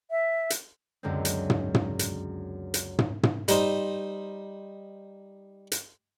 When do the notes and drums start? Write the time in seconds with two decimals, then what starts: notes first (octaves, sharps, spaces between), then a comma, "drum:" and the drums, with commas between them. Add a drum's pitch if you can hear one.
0.11 E5
0.50 drum: hi-hat
1.03 C#2 F#2 D3 G#3 A#3 C4
1.25 drum: hi-hat
1.50 drum: tom
1.74 drum: tom
1.99 drum: hi-hat
2.74 drum: hi-hat
2.99 drum: tom
3.23 drum: tom
3.48 G3 D#4 C5, drum: hi-hat
5.72 drum: hi-hat